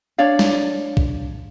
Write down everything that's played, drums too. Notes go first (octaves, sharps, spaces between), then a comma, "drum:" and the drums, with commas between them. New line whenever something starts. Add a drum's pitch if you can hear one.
D4 C#5 D5 F5
drum: snare
drum: kick